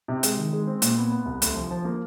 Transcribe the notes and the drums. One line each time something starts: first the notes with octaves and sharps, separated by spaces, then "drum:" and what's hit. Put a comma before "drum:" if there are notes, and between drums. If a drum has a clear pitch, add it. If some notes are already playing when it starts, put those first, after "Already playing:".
C3
G#3, drum: hi-hat
D#3
G#3
C4
A#2, drum: hi-hat
B3
B3
C2
D2, drum: hi-hat
F3
F3
A#3